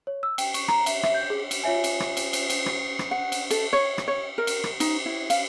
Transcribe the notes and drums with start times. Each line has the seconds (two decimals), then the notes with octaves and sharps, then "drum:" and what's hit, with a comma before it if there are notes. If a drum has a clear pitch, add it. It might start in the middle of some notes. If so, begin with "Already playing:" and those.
0.07 C#5
0.23 E6
0.38 G5, drum: cymbal
0.54 C#6, drum: cymbal
0.68 A#5, drum: rim click
0.86 E5, drum: cymbal
1.03 E5, drum: rim click
1.14 G6
1.30 G#4
1.51 drum: cymbal
1.63 F4 C#5 E5 G#5
1.84 drum: cymbal
2.00 drum: rim click
2.17 drum: cymbal
2.33 drum: cymbal
2.50 drum: cymbal
2.66 drum: rim click
2.99 drum: rim click
3.11 F#5
3.32 drum: cymbal
3.51 A4, drum: cymbal
3.73 C#5
3.98 drum: rim click
4.08 C#5
4.38 A#4
4.47 drum: cymbal
4.64 drum: rim click
4.80 D#4, drum: cymbal
5.06 E4
5.30 F5, drum: cymbal